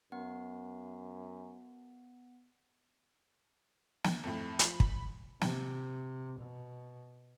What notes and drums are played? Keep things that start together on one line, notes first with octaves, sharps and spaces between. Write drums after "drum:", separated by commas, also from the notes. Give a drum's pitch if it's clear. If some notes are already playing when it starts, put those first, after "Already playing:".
F#2 B3 F#5
drum: snare
F2 A2
F3 B5, drum: hi-hat
B5, drum: kick
C3, drum: snare
B2